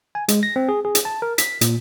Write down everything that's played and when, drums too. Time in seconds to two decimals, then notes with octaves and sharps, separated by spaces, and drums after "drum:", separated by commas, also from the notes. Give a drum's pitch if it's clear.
0.15 G#5
0.28 G#3, drum: hi-hat
0.43 A#6
0.56 C4
0.69 G#4
0.85 G#4
0.95 drum: hi-hat
1.05 A5
1.22 A#4
1.38 B6, drum: hi-hat
1.61 A#2, drum: hi-hat